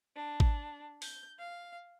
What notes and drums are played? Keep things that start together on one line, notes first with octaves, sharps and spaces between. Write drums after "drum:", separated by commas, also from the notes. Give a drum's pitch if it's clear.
D4
drum: kick
G6, drum: open hi-hat
F5